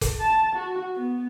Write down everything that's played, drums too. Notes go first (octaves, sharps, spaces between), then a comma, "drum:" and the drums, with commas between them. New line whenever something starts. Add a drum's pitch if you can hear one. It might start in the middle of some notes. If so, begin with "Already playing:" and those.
drum: kick F1, hi-hat
A5
F#4
B3